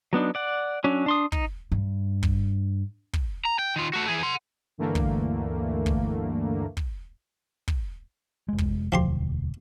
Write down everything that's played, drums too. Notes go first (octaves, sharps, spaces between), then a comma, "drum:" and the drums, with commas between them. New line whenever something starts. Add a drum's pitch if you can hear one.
F#3 B3 D4 D#4
D5 F#5
F#3 C#4 D4
D4 C6 D#6
D#4, drum: kick
G2
drum: kick
drum: kick
A#5
G5
D#3 F4
A3 F#4
E3 G#4
F#5 C6
D2 G2 D3 E3 A3 A#3
drum: kick
drum: kick
drum: kick
drum: kick
F1 G#3
drum: kick
E1 D2 F3 G4 C6